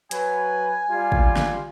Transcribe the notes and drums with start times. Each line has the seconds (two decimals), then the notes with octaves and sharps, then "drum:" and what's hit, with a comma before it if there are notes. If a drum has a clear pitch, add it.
0.11 F#3 B4 G#5, drum: hi-hat
0.89 G3 F4
1.12 drum: kick
1.36 drum: snare